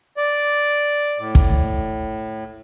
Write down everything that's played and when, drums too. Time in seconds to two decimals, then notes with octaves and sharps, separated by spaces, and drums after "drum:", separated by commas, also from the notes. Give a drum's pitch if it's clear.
0.17 D5
1.19 A2
1.35 drum: kick